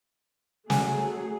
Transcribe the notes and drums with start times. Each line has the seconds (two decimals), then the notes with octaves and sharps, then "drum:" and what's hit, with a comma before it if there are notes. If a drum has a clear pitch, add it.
0.70 F#3 A3 G#4 G#5, drum: snare